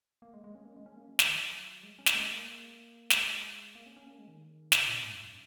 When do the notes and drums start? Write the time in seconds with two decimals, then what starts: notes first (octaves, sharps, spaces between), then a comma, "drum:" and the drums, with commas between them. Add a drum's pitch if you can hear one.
0.22 A#3
0.34 G#3
0.44 G#3
0.55 C#4
0.65 A#3
0.76 G#3
0.86 C#4
0.97 A#3
1.08 F#3
1.19 D#3, drum: snare
1.35 F#3
1.83 G#3
1.99 C#4
2.06 A#3, drum: snare
2.15 G#3
2.31 A#3
3.10 G#3, drum: snare
3.75 A#3
3.86 C#4
3.96 C#4
4.06 A#3
4.18 G#3
4.28 D#3
4.72 C#3, drum: snare
4.87 A#2
5.03 G#2
5.15 F#2